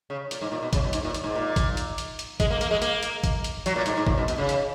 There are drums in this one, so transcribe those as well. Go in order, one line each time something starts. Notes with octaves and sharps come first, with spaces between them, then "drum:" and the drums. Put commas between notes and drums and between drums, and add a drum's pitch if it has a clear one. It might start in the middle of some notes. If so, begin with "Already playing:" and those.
C#3
A#2, drum: hi-hat
G#2
A#2
B2
C#3, drum: kick, hi-hat
B2
G#2, drum: hi-hat
A#2
drum: hi-hat
G#2
A#2
drum: kick, hi-hat
drum: hi-hat
drum: hi-hat
drum: hi-hat
G#3, drum: kick, hi-hat
A#3
A#3, drum: hi-hat
G#3
A#3, drum: hi-hat
drum: hi-hat
drum: kick, hi-hat
drum: hi-hat
F#3, drum: hi-hat
A#2
G#2, drum: hi-hat
G#2
A#2, drum: kick
B2
B2, drum: hi-hat
C#3
drum: hi-hat